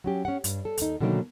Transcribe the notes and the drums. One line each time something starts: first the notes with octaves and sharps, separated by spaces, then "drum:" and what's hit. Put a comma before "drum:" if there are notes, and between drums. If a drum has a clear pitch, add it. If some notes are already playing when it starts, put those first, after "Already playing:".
F#3 C#4 G4
C#4 F#5
G2, drum: hi-hat
A4
D#2 D#4, drum: hi-hat
B2 D3 D#3 F#3 A#3 D#4